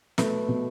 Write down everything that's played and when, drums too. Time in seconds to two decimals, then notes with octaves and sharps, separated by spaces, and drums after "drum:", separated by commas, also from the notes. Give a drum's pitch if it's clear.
0.18 B2 A3 B3, drum: snare
0.49 B2